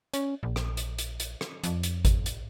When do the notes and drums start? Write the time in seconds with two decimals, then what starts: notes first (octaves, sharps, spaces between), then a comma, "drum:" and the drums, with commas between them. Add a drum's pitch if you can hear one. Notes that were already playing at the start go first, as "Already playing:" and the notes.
0.14 C#4, drum: hi-hat
0.43 A#1
0.56 drum: rim click
0.77 drum: hi-hat
0.98 drum: hi-hat
1.20 drum: hi-hat
1.41 drum: rim click
1.64 F2, drum: hi-hat
1.83 drum: hi-hat
2.05 drum: kick G#1, hi-hat
2.26 drum: hi-hat